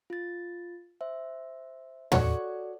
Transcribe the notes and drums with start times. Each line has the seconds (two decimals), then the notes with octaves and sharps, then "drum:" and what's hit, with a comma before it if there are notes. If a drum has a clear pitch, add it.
0.10 F4 A6
1.01 C5 E5
2.12 F#4 A4 C#5 D5, drum: tom